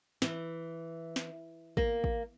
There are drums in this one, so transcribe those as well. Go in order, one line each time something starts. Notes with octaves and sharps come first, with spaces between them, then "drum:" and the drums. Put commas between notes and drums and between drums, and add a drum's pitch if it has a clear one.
E3, drum: snare
drum: snare
A#3, drum: kick
drum: kick